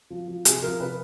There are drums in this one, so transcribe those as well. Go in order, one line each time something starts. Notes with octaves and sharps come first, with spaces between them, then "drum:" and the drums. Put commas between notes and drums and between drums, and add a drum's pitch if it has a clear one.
F3
F3
C3 G#4, drum: hi-hat
F3 A#4
C3 B4